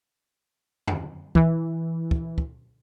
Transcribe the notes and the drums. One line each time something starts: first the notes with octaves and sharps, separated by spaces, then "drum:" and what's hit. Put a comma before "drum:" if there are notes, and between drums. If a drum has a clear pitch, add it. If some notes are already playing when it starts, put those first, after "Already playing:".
drum: tom E2
E3, drum: kick
drum: kick
drum: kick